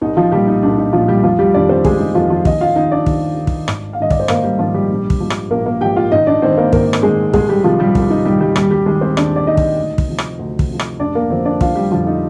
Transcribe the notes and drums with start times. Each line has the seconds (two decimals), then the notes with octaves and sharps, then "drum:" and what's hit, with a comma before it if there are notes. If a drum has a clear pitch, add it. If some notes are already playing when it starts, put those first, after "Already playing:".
0.01 C2 D#4
0.17 F3 F4
0.32 A#2 F3 G3 G4
0.47 D#4
0.63 C2 D4
0.78 D#4
0.93 A#2 F3 F4
1.08 G3 G4
1.23 F1 F3 F4
1.39 G3 G4
1.54 F2 D#3 D4 D5
1.69 C4 C5
1.85 F1 G#3 G#4, drum: kick
2.00 D#4
2.15 F2 D#3 F3 F4
2.30 F3 F4
2.45 D#2 D#4 D#5, drum: kick
2.61 F4 F5
2.76 D#3 D#4 D#5
2.91 D4 D5
3.06 D#2, drum: kick
3.37 D#3
3.47 drum: kick
3.68 G#1, drum: rim click
3.93 F5
3.98 G#2 D#3 D#5
4.10 D5, drum: kick
4.20 C5
4.28 G#1 A#3 A#4, drum: rim click
4.44 G3 G4
4.59 G#2 D#3 F3 F4
4.74 G3 G4
4.90 A#1
5.10 drum: kick
5.20 G#2 F3
5.30 drum: rim click
5.50 A#1 A#3 A#4
5.66 A#3 A#4
5.81 G#2 F3 G4 G5
5.96 F4 F5
6.12 G#1 D#4 D#5
6.27 D4 D5
6.42 G#2 D#3 C4 C5
6.57 A#3 A#4
6.73 G#1 A#3 A#4, drum: kick
6.93 drum: rim click
7.03 G#2 D#3 G#3 G#4
7.34 C2 G#3 G#4, drum: kick
7.49 G3 G4
7.64 C3 D#3 F3 F4
7.80 G3 G4
7.95 C2, drum: kick
8.10 D#4
8.25 C3 D#3 G3 G4
8.40 G3 G4
8.56 D#2 G3 G4, drum: rim click
8.71 G3 G4
8.86 D#3 G#3 G#4
9.01 C4 C5
9.17 D#2 D4 D5, drum: rim click
9.36 D5
9.47 D#3 D#4 D#5
9.57 drum: kick
9.78 D2
9.98 drum: kick
10.08 C3 F3
10.18 drum: rim click
10.39 D2
10.59 drum: kick
10.69 C3 F3
10.79 drum: rim click
10.99 F1 D4 D5
11.15 A#3 A#4
11.30 F2 D3 F3 C4 C5
11.45 D4 D5
11.61 F1 F4 F5, drum: kick
11.75 G3 G4
11.91 F2 D3 F3 F4
12.07 D#4